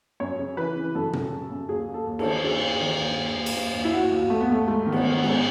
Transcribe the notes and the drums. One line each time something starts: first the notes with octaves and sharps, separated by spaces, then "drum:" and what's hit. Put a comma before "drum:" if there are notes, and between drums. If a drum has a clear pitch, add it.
F#2 C#5
C#3
E3 B4
C#3
F#2 A4
F#2, drum: tom A#2
C#3
F#2
D#2 G#4
D#2
A4
D#2
A4, drum: cymbal
D#3
D#2 G#4
D#2
D#3
D#2
D#2
D#2
drum: cymbal
D#2
D#2
E4
D#2 F#4
D#2
D#2 A3
B3
D#2 A3
G#2 A3
D#3
B3, drum: cymbal
D#3
B3
G#2, drum: cymbal